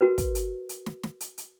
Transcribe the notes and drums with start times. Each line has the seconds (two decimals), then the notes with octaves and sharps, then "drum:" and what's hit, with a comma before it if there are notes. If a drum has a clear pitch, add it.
0.01 F#4 A#4 B4
0.18 drum: kick, hi-hat
0.35 drum: hi-hat
0.69 drum: hi-hat
0.86 drum: snare
1.03 drum: snare
1.20 drum: hi-hat
1.38 drum: hi-hat